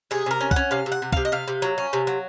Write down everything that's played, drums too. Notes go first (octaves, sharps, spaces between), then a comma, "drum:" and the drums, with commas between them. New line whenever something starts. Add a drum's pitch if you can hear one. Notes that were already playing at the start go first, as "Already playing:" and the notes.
C3 G#4
C3 A#4
C#4
F#5, drum: kick
C#4
C3 F5
C3
F#5
C3
C3 F5, drum: kick
D#5
C3 F5
C3
F#3
C#4
C3
F#3